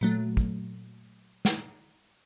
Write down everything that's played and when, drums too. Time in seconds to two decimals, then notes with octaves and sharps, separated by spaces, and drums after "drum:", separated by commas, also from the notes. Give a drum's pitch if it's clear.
0.01 A#2 F#3 A3
0.37 drum: kick
1.45 drum: snare